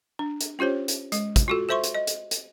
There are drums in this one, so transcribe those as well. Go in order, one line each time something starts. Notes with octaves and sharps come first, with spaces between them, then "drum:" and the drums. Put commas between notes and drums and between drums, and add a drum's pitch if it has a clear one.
D4
drum: hi-hat
C#4 F4 G4 C5 C#5
drum: hi-hat
G#3, drum: hi-hat
drum: kick, hi-hat
F4 F#4 A4
A4 C5 E5 C6 C#6
drum: hi-hat
D#5
drum: hi-hat
drum: hi-hat